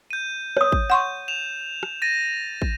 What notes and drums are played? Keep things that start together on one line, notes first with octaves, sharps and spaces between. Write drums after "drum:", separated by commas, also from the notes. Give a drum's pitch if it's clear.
G6 D#7
C#5 D#6, drum: rim click
drum: kick
F#5 C6 C#6 G6
E7 F7
drum: rim click
A6 A#6 D#7
drum: kick